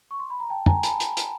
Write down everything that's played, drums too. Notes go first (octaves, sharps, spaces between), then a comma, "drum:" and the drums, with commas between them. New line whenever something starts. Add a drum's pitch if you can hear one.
C#6
C6
B5
A#5
G5 A5
G#5 A#5, drum: tom
A5 B5, drum: hi-hat
drum: hi-hat
drum: hi-hat